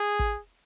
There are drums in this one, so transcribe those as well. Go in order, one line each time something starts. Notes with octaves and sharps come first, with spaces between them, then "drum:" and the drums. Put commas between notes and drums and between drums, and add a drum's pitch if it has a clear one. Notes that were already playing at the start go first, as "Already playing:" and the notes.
Already playing: G#4
drum: kick